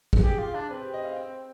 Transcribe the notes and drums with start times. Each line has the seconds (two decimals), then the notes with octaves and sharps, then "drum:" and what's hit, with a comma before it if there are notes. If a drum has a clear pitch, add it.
0.13 drum: kick
0.23 G4 G#4
0.39 F4
0.55 D4
0.70 C4 B4
0.81 G4
0.94 D#5
1.05 F5
1.16 G5